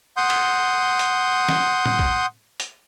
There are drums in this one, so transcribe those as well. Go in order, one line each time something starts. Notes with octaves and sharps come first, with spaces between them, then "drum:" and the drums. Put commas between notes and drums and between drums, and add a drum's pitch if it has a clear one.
F#5 C6 D#6 G6
drum: cymbal
drum: hi-hat
drum: snare
drum: tom
drum: kick B1
drum: hi-hat